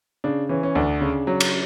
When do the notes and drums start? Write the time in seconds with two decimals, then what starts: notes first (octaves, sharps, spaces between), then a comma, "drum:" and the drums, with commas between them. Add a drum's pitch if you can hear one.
0.24 C#3 D4
0.49 E3 C#4
0.63 C#4
0.75 D2 D4
1.01 C#3
1.27 F#3
1.40 drum: cymbal